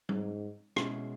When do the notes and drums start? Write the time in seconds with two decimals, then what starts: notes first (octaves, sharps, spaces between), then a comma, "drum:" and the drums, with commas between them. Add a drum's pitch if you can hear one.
0.09 G#2, drum: tom
0.76 B2 G#3 C#4 E4, drum: rim click